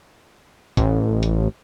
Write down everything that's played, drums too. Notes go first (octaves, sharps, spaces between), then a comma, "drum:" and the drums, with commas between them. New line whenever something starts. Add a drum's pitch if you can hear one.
A1, drum: kick G#1, hi-hat
drum: hi-hat